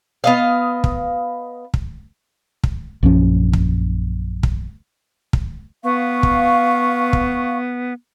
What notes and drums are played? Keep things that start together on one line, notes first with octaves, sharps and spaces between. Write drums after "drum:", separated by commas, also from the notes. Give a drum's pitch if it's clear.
B3 D#5 F5
drum: kick
drum: kick
drum: kick
A#1 F#2 F3 C#4
drum: kick
drum: kick
drum: kick
B3 F5 C#6
drum: kick
drum: kick